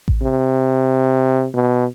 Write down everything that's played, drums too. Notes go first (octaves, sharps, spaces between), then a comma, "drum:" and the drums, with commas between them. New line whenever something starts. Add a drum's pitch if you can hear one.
drum: kick A1
C3
B2